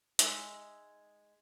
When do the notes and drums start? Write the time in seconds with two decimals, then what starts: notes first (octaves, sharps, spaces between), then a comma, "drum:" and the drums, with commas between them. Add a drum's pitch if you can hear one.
0.19 G#3 D#4 E5, drum: hi-hat